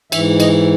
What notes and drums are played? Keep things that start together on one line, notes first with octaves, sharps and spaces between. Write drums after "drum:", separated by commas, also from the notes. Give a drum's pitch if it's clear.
G#2 E3 E5, drum: cymbal
D#5, drum: cymbal